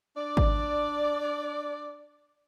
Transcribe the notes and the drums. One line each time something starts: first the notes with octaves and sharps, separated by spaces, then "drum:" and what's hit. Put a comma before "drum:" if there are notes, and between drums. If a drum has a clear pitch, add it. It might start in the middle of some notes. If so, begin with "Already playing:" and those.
D4 D5
drum: kick G#1